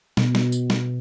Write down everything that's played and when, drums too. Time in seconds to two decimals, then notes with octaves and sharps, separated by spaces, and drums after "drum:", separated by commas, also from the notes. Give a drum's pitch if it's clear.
0.17 B2, drum: snare
0.35 drum: snare
0.52 drum: tambourine
0.70 drum: snare